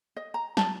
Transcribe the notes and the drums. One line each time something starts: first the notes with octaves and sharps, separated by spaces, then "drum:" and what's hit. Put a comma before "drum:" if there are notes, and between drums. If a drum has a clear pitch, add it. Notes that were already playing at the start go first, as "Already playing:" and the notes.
D#5
A#5
A5, drum: snare